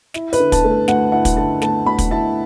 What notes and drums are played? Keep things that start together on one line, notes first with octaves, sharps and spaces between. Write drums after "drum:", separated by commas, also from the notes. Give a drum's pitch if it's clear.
E4, drum: snare
B4, drum: hi-hat
D3
A5, drum: kick, hi-hat
A3
D2 F#5, drum: snare
E4 F#5
drum: kick, hi-hat
D3 A5
A3 A5, drum: snare
D2 B5
drum: kick, hi-hat
E4 A5